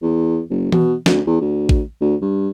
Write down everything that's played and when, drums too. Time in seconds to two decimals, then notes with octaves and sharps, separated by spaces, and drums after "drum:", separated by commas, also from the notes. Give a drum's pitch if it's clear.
0.02 E2
0.50 F#1
0.72 B2, drum: tom E3
1.06 D2, drum: snare
1.27 E2
1.41 D2
1.69 drum: kick A1
2.01 D2
2.22 G2